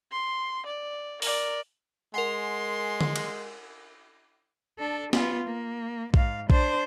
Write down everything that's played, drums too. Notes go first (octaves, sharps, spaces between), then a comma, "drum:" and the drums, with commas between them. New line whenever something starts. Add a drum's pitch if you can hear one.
C6
D5
A#4 D5, drum: open hi-hat
G#3 A#4 F#5 G#5 C6
drum: tom D3
drum: cymbal
D4 A4
B3 F4, drum: snare
A#3
G#2 F5, drum: kick A#1
D4 C5, drum: kick A#1